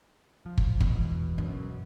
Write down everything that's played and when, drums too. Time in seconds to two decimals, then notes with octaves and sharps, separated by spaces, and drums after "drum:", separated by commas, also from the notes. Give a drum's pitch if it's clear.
0.46 F3
0.58 drum: kick
0.80 E1 E2 B2, drum: kick
1.38 F#2